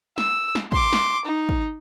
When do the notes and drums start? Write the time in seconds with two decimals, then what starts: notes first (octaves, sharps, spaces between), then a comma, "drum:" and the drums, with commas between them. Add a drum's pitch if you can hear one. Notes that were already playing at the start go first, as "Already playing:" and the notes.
0.18 E6, drum: snare
0.55 drum: snare
0.72 C6 D6, drum: kick
0.93 drum: snare
1.25 D#4
1.49 drum: kick